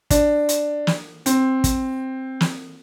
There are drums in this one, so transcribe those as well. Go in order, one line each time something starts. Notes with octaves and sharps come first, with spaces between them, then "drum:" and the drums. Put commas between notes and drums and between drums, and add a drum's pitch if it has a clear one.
D4, drum: kick, hi-hat
drum: hi-hat
drum: snare
C4, drum: hi-hat
drum: kick, hi-hat
drum: snare